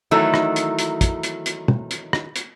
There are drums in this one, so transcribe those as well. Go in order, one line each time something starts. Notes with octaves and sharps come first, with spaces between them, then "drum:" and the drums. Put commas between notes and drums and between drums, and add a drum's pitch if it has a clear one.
D#3 E3 F#3 A3 D#4 E4
drum: rim click
drum: hi-hat
drum: hi-hat
drum: kick, hi-hat
drum: hi-hat
drum: hi-hat
drum: tom
drum: hi-hat
drum: rim click
drum: hi-hat